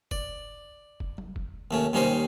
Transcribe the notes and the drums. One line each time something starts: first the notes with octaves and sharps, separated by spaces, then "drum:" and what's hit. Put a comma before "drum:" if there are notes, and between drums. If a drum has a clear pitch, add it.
D5, drum: kick F1
drum: kick F1
drum: tom F#3
drum: kick F1
D#2 A3 C#4
D#2 G3 C#4 D#4 C5 D#5